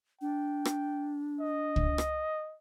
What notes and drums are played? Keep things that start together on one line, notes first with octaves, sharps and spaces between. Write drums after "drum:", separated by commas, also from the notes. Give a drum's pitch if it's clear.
D4 G5
drum: rim click
D#5
drum: kick
drum: rim click